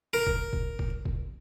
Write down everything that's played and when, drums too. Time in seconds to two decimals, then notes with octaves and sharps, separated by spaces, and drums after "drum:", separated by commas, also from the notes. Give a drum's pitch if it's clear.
0.13 A#4
0.27 drum: kick
0.53 drum: kick
0.79 drum: kick
1.05 drum: kick